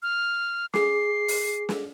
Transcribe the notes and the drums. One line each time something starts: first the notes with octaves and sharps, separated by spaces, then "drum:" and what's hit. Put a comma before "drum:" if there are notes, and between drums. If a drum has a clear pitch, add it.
F6
G#4 D6 C7, drum: snare
drum: open hi-hat
drum: snare